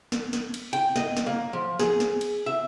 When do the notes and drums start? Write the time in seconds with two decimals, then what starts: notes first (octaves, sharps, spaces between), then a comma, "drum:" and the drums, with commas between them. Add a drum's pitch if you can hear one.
0.12 drum: snare
0.33 drum: snare
0.54 drum: cymbal
0.73 G5, drum: cymbal
0.96 D#5, drum: snare
1.17 drum: snare
1.26 A#3
1.53 F3
1.79 G#4, drum: snare
2.00 drum: snare
2.21 drum: cymbal
2.46 E5